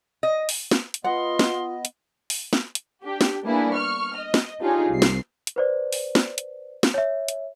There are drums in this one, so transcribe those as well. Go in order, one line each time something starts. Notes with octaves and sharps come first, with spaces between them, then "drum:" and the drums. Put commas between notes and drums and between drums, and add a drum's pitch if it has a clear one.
D#5
drum: open hi-hat
drum: snare
drum: hi-hat
B3 F4 D#5 F#5 C6
drum: snare
drum: hi-hat
drum: open hi-hat
drum: snare
drum: hi-hat
D4 G4
drum: snare
G3 A#3 B3 D4 E4 G#4
C#6 F6
D#5
drum: snare
D4 D#4 F4 G4 G#4 C#5
C2 C7
drum: snare
drum: hi-hat
B4 C5 D5
drum: open hi-hat
drum: snare
drum: hi-hat
drum: snare
C#5 E5
drum: hi-hat